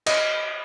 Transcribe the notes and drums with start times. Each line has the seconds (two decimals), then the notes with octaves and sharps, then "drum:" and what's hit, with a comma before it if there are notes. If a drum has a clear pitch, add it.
0.06 D#5, drum: cymbal